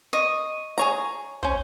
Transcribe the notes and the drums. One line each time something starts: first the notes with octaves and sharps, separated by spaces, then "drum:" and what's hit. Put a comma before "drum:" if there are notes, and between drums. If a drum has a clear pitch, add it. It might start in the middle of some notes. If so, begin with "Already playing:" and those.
D#5 C#6
G#4 C#5 A#5, drum: hi-hat
C#4 C5, drum: kick